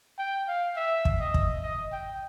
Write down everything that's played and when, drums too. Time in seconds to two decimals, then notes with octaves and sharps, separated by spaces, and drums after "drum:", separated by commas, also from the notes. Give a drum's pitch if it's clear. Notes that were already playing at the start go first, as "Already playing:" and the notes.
0.18 G5
0.48 F5
0.76 E5
1.05 drum: kick
1.20 D#5
1.34 drum: kick
1.63 D#5
1.92 G5